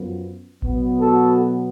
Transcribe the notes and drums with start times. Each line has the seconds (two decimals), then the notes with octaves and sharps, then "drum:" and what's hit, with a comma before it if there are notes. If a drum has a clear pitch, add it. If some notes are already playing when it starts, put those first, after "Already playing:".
Already playing: F#2 F3 B3
0.62 B2 F#3 B3, drum: kick A1
0.99 F#4 A4